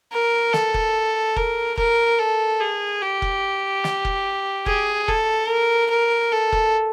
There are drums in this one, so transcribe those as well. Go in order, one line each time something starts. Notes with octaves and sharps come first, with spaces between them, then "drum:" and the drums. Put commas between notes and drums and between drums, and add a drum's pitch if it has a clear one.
A#4
A4, drum: snare
drum: kick F1
A#4, drum: kick F1
A#4, drum: kick F1
A4
G#4
G4
drum: kick F1
drum: snare
drum: kick F1
G#4, drum: kick F1
A4, drum: kick F1
A#4
A#4
A4
drum: kick F1